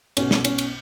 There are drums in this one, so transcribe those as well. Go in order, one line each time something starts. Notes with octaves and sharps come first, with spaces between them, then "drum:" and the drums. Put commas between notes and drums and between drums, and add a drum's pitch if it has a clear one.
B1 B2 C#4, drum: cymbal
drum: snare
C#4, drum: cymbal
drum: cymbal